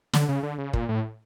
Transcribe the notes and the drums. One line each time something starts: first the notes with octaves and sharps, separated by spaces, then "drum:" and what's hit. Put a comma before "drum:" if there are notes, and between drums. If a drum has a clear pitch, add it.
D3, drum: snare
C#3
D3
C#3
A#2, drum: kick
A2